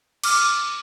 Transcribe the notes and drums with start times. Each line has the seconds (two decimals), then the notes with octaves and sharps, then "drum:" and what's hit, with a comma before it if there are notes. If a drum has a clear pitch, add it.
0.24 D6 F6, drum: cymbal